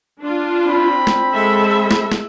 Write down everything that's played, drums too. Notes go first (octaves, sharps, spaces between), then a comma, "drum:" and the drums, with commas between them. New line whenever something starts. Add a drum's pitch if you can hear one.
D4 F4
C4 B5
drum: snare
G#3 A4 E5
drum: snare
drum: snare